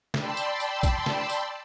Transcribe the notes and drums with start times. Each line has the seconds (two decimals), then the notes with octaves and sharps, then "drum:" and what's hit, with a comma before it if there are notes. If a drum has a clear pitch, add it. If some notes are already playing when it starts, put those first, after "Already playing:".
0.14 D5 G5 A5 B5 C6 E6, drum: snare
0.37 drum: tambourine
0.60 drum: tambourine
0.83 drum: kick, tambourine
1.06 drum: snare
1.29 drum: tambourine